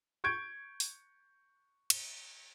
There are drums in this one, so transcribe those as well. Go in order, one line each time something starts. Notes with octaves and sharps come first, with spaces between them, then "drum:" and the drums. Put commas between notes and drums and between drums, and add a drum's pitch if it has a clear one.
C#6 G6 G#6 D7
drum: open hi-hat
drum: cymbal